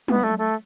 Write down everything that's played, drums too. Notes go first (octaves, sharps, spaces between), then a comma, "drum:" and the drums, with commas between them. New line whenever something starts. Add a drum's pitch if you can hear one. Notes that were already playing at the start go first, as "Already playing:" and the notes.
B3, drum: tom
A3
A3